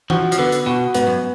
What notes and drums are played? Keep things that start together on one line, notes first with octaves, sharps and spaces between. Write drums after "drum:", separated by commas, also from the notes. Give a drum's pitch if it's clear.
F3 F#4, drum: tom E3
F3, drum: hi-hat
D3 B3
drum: hi-hat
B2 F#4
G#2 B3, drum: hi-hat
F#2